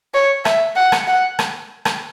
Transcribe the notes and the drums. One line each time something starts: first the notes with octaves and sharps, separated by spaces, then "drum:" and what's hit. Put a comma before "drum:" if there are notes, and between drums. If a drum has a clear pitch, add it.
C#5
E5, drum: rim click
F#5
drum: rim click
F#5
drum: rim click
drum: rim click